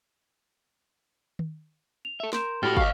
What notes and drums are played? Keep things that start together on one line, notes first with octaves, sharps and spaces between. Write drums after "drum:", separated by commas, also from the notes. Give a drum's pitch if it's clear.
drum: tom D#3
F7
A4 E5
A#4 C6 G6 E7, drum: snare
A2 F#4 G4 A4 G5 B5 F6 A6
D#5 F5 C#6 F6, drum: kick